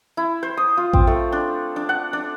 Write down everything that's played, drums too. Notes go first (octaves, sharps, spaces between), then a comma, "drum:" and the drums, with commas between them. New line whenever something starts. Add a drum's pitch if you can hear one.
E4
C5
D#6
F4
C4, drum: kick A1
A3
D4
D4
F#5
D4